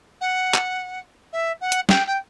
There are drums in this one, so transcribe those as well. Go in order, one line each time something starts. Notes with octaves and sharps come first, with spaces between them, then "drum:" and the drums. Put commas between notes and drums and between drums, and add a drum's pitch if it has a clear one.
F#5
drum: clap
E5
F#5
drum: hi-hat
G5, drum: snare
G5